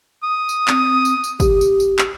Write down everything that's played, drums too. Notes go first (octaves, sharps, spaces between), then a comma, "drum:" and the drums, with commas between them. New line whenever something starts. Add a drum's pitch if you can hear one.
D#6
drum: tambourine
C4, drum: clap
drum: tambourine
drum: tambourine
G4, drum: kick, tambourine
drum: tambourine
drum: tambourine
drum: clap